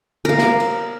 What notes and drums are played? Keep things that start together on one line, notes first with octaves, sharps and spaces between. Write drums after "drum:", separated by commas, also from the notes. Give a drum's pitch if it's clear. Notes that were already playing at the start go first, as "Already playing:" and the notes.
A#4 F5
drum: snare
drum: cymbal